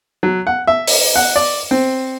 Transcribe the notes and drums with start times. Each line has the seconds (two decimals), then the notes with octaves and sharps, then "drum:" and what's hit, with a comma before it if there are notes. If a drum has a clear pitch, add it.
0.23 F#3
0.47 F#5
0.67 E5
0.87 drum: open hi-hat
1.16 F#5
1.36 D5
1.71 C4